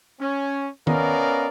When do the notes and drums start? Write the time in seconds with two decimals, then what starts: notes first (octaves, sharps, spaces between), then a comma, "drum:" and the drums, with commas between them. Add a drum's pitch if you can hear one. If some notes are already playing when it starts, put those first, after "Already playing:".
0.21 C#4
0.87 B3 C#4 A#4 D5 D#5 F5, drum: tom D#3